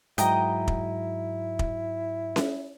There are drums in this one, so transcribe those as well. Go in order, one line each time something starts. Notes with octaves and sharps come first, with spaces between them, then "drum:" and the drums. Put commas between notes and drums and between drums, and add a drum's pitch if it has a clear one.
G#2 F#3 E4 D#5 G5 A#5, drum: hi-hat
drum: kick
drum: kick
drum: snare C#4